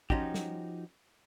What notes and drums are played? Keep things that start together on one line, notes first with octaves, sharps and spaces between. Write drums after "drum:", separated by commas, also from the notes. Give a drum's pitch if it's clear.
F3 C#4 D#4 F#4 G4, drum: kick
drum: snare